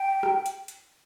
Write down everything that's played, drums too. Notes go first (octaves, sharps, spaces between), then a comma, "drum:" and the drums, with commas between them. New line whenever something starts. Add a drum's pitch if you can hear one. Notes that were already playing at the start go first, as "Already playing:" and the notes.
Already playing: G5
drum: rim click
drum: hi-hat
drum: hi-hat